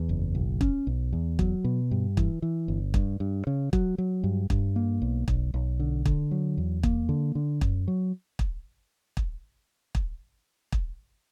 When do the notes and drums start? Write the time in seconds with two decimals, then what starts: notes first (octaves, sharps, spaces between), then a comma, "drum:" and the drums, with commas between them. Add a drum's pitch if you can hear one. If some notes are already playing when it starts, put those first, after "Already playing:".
Already playing: E2
0.09 F#1
0.35 B1
0.61 C#4, drum: kick
0.87 B1
1.13 E2
1.39 F#3, drum: kick
1.64 B2
1.91 G2
2.17 E3, drum: kick
2.42 E3
2.68 G1
2.94 G2, drum: kick
3.20 G2
3.47 C#3
3.73 F#3, drum: kick
3.98 F#3
4.24 G2
4.50 G2, drum: kick
4.76 A#3
5.02 B1
5.28 B1, drum: kick
5.54 B1
5.80 D3
6.06 D3, drum: kick
6.31 F#3
6.57 E2
6.83 A#3, drum: kick
7.09 D3
7.35 D3
7.61 F#2, drum: kick
7.88 F#3
8.39 drum: kick
9.17 drum: kick
9.95 drum: kick
10.72 drum: kick